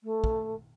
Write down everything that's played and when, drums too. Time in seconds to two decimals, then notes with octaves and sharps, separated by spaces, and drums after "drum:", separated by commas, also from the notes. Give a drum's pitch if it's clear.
0.04 A3
0.24 drum: kick